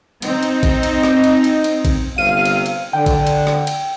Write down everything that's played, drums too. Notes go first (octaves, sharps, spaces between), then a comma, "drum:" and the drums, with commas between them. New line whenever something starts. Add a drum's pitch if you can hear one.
C4 D#4, drum: cymbal
drum: cymbal
drum: kick A1, cymbal
drum: cymbal
drum: rim click
drum: cymbal
drum: cymbal
drum: cymbal
drum: kick A1, cymbal
G1 C3 F5 D#7
drum: cymbal
drum: cymbal
D3 G5
drum: kick A1, cymbal
drum: cymbal
drum: rim click
drum: cymbal